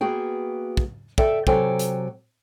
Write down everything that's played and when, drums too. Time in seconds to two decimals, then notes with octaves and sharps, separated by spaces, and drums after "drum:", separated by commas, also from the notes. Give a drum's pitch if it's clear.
0.01 A#3 B3 F#4 G#4 G5
0.77 drum: kick
1.18 A4 D5 E5 G5, drum: kick
1.47 C3 F#3 A4 G5 G#5, drum: kick
1.79 drum: hi-hat